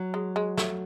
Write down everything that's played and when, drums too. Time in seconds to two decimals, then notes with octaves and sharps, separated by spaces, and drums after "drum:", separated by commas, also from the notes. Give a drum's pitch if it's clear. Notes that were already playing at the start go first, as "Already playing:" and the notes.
Already playing: F#3
0.14 G#3
0.36 G#3
0.57 A3, drum: snare